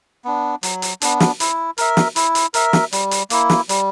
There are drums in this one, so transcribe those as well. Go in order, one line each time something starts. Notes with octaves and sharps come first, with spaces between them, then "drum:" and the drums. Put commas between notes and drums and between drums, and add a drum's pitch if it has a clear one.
B3 D4
F#3, drum: hi-hat
drum: hi-hat
B3 D4, drum: hi-hat
drum: snare
E4, drum: hi-hat
A#4 E5, drum: hi-hat
drum: snare
E4, drum: hi-hat
drum: hi-hat
A#4 E5, drum: hi-hat
drum: snare
G3, drum: hi-hat
drum: hi-hat
A#3 E4, drum: hi-hat
drum: snare
G3, drum: hi-hat